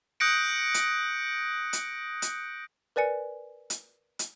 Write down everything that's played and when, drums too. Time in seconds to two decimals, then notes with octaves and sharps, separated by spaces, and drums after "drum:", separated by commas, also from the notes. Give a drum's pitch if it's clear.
0.20 D#6 F#6 G6 A#6 C#7 D7
0.74 drum: hi-hat
1.73 drum: hi-hat
2.22 drum: hi-hat
2.96 A#4 B4 D5 G#5 C#7
3.70 drum: hi-hat
4.19 drum: hi-hat